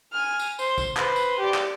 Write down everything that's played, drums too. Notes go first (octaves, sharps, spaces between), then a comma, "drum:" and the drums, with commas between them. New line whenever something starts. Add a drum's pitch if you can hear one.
G#5 F6
drum: tambourine
C5, drum: tambourine
drum: kick, tambourine
B4 C5, drum: clap
drum: tambourine
G4 D5
drum: clap